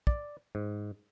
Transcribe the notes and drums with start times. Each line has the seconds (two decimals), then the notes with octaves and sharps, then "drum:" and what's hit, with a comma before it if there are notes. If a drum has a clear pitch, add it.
0.07 D5, drum: kick
0.55 G#2